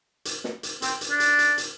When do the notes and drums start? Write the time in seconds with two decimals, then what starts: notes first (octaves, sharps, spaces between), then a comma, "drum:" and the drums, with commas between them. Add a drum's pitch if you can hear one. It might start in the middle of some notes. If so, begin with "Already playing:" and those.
0.25 drum: hi-hat
0.44 drum: snare
0.63 drum: hi-hat
0.82 C4, drum: hi-hat
1.01 drum: hi-hat
1.10 D4
1.20 drum: hi-hat
1.39 drum: hi-hat
1.58 drum: hi-hat